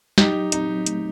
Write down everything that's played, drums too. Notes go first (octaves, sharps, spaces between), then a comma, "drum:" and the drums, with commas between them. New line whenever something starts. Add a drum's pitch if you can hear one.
F#3 D#4 G4, drum: snare
F#3
C4 D#4, drum: hi-hat
F#3
A3, drum: hi-hat